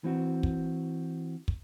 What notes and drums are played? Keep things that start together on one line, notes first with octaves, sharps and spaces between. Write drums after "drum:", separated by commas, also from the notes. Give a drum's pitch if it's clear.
E3 C4 F#4
drum: kick
drum: kick